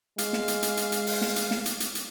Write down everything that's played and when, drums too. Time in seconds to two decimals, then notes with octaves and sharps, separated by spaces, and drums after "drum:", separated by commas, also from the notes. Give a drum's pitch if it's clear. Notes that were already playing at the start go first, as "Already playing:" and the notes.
0.18 G#3 F5, drum: hi-hat
0.33 drum: snare
0.48 drum: hi-hat
0.63 drum: hi-hat
0.77 drum: hi-hat
0.92 drum: hi-hat
1.07 drum: open hi-hat
1.21 drum: snare
1.36 drum: hi-hat
1.51 drum: snare
1.66 drum: hi-hat
1.80 drum: hi-hat
1.95 drum: hi-hat